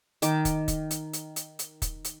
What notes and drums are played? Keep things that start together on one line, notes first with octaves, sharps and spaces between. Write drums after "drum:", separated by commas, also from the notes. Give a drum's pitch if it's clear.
D#3 D6, drum: hi-hat
drum: kick, hi-hat
drum: kick, hi-hat
drum: hi-hat
drum: hi-hat
drum: hi-hat
drum: hi-hat
drum: kick, hi-hat
drum: hi-hat